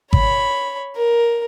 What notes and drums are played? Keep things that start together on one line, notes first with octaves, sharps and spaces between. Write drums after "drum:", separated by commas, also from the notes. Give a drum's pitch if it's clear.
C#5 B5, drum: kick G#1
A#4